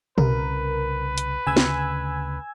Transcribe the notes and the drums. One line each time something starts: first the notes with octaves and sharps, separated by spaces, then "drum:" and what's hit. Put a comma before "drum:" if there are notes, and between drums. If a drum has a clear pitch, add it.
C2 C#3 A#4 B4, drum: tom B2
drum: hi-hat
D2 C#3 G#5 E6 G#6
drum: snare